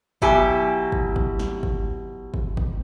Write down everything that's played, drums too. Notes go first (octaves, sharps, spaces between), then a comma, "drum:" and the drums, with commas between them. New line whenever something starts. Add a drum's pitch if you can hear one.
B2 F#3 E4 G4 G#5, drum: kick
drum: kick
drum: kick
drum: snare
drum: kick
drum: kick
drum: kick